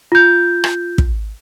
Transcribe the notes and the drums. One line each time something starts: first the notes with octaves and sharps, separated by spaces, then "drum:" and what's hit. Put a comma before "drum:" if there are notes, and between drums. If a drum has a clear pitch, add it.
F4 G6
drum: rim click
drum: kick